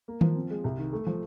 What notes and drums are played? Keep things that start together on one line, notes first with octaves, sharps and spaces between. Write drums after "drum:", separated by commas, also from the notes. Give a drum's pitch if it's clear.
A#3
F3, drum: tom D#3
C4
G#3
C2
D#3
A3
F3